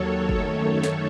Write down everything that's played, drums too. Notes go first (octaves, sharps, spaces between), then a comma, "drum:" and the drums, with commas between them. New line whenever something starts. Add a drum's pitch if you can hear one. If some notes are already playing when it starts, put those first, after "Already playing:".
Already playing: D#2 D#3 F#3 A4 C#5
F#2 D#3 A3 A4 C#5, drum: kick
drum: snare